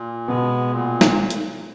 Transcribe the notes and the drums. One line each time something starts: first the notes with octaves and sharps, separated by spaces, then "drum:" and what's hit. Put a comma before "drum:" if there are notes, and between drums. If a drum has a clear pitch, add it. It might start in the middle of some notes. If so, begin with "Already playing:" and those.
Already playing: A#2
B2 G#3 B3
A#2
drum: snare
drum: hi-hat